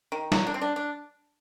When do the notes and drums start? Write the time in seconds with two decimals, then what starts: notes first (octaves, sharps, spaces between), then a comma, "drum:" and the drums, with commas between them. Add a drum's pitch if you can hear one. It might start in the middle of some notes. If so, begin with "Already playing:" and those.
0.12 D#3
0.32 F#3, drum: snare
0.47 D4
0.54 C4
0.61 D4
0.76 D4